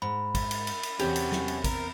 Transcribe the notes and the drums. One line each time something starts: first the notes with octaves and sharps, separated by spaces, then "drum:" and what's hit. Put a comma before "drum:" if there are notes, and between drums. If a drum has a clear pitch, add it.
G#2 B5
drum: kick, cymbal
drum: cymbal
drum: cymbal
drum: cymbal
E2 C3 C#4 F#4 G4, drum: cymbal
drum: cymbal
drum: snare
drum: cymbal
A#4, drum: kick, cymbal